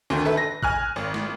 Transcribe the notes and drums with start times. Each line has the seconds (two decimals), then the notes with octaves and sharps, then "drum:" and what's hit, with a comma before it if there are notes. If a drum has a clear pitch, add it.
0.10 D2 D#3
0.25 A4 B4 E5
0.37 A#6
0.63 G#5 F6 F#6, drum: kick G#1
0.96 G#1
1.14 drum: snare